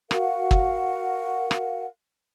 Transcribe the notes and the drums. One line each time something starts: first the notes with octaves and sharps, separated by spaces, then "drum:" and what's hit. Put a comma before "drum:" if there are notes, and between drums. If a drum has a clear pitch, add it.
F#4 A#4 F5 F#5, drum: rim click
drum: kick
drum: rim click